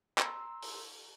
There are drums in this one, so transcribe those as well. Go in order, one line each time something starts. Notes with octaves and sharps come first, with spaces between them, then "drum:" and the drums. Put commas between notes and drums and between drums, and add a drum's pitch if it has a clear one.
A#5 C6 E6, drum: clap
drum: open hi-hat